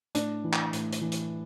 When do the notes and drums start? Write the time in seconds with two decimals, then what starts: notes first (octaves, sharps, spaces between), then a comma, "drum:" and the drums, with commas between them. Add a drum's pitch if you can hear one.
0.15 A2 D4, drum: hi-hat
0.44 E3
0.53 drum: clap
0.73 A2, drum: hi-hat
0.92 drum: hi-hat
1.01 E3
1.12 drum: hi-hat